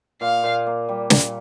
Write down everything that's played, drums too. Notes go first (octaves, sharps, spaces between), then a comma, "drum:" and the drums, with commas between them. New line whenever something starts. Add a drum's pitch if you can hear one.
A#2 F5
A#2
A#3
G3
A#2, drum: snare